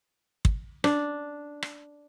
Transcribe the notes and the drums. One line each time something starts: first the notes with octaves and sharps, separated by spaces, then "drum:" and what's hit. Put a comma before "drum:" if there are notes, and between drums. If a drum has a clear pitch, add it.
drum: kick
D4, drum: rim click
drum: rim click